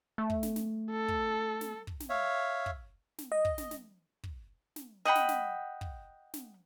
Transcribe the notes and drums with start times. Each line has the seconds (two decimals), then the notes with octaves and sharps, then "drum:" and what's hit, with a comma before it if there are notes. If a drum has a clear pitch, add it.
0.18 A3
0.30 drum: kick
0.43 drum: snare
0.56 drum: snare
0.91 A4
1.08 drum: kick
1.61 drum: snare
1.87 drum: kick
2.00 drum: snare
2.10 C#5 E5 F5
2.66 drum: kick
3.18 drum: snare
3.32 D#5
3.45 drum: kick
3.58 drum: snare
3.71 drum: snare
4.24 drum: kick
4.76 drum: snare
5.05 D#5 F#5 G5 B5
5.15 drum: snare
5.29 drum: snare
5.81 drum: kick
6.34 drum: snare